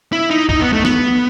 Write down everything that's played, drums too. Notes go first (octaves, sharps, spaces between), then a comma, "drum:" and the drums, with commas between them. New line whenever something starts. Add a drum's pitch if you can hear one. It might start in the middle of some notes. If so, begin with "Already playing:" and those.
E4
D#4
D#4, drum: kick
B3
A3
B3, drum: snare